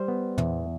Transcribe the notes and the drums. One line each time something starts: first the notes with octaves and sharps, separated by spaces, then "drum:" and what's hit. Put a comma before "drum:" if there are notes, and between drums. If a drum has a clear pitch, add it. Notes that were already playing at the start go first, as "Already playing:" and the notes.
Already playing: G3 C5
B3
E2, drum: tom